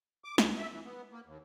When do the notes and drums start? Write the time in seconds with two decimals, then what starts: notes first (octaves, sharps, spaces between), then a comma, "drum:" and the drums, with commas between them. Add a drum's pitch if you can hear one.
0.24 D6
0.38 D2, drum: snare
0.58 E5
0.73 E3
0.85 B3
1.12 A#3
1.26 D#2